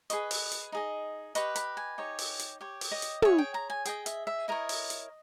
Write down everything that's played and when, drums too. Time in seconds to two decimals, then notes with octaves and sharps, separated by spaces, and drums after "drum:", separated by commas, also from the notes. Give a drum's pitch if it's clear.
0.10 G#4 B4 D#5 C#6, drum: hi-hat
0.31 drum: open hi-hat
0.52 drum: hi-hat
0.72 D#4 G#4 D#5
1.35 G4 B4 D#5 C#6, drum: hi-hat
1.56 B5, drum: hi-hat
1.77 G#5
1.98 D#4 G4 C#5
2.19 drum: open hi-hat
2.39 drum: hi-hat
2.61 G4 C#5
2.81 drum: open hi-hat
2.92 D#5
3.02 drum: hi-hat
3.22 G#4 C#5 E5, drum: tom
3.38 G5
3.54 A#5
3.70 G#5
3.85 G#4 D#5 G5, drum: hi-hat
4.06 E5, drum: hi-hat
4.27 E5
4.48 E4 A#4 C#5 D#5
4.69 drum: open hi-hat
4.90 drum: hi-hat